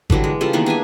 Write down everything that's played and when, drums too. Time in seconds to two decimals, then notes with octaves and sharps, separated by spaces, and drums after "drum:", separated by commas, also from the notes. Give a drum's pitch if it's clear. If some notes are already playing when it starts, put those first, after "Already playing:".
0.10 D3 E3 F#3 G3, drum: kick G#1
0.24 G#3
0.41 C#3 G3 F4 A4
0.53 D#3 E3 A#3 B3
0.66 D4 G#4 E5 G#5